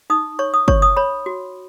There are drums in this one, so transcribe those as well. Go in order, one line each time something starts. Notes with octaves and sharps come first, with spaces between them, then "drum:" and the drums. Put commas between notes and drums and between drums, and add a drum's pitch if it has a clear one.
D#4 D#6
C#5 C#6
D#6
C#5 C#6, drum: kick G1
D#6
C#5 B5
F#4